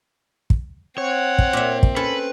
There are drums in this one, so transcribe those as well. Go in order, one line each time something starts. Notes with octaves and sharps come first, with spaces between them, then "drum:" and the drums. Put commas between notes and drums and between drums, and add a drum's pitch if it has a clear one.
drum: kick
C4 C#5 F#5
drum: kick
A#2 E5
drum: kick
C#4 A4 B4